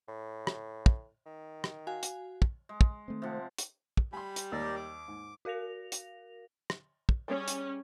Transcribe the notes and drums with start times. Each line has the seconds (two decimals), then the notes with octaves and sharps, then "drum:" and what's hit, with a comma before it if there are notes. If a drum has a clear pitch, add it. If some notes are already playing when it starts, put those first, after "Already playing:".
0.08 A2
0.47 drum: rim click
0.86 drum: kick
1.26 D#3
1.64 drum: rim click
1.87 F#4 F5 G#5
2.03 drum: hi-hat
2.42 drum: kick
2.69 G#3
2.81 drum: kick
3.08 D#3 A3 C4
3.22 C3 F3 F#5
3.58 drum: hi-hat
3.97 drum: kick
4.13 G3 G#5 B5 C6
4.36 drum: hi-hat
4.52 D#2 D#4 G4 A#4 D5 E6
4.76 D6
5.08 G#2
5.45 F#4 A#4 F5 A#6 F7
5.92 drum: hi-hat
6.70 drum: rim click
7.09 drum: kick
7.28 G3 C#4 G#4 C#5
7.48 drum: hi-hat